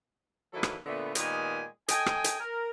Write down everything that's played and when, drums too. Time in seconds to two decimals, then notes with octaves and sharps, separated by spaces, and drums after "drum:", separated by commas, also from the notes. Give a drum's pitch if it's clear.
0.53 D#3 F#3 A#3 E4 A4 B4
0.63 drum: rim click
0.85 A#2 D3 A3 B3
1.15 A#2 D#3 G#3 B3 G4 G#5, drum: hi-hat
1.88 A4 D#5 G5 G#5, drum: hi-hat
2.06 drum: rim click
2.24 drum: hi-hat
2.40 A#4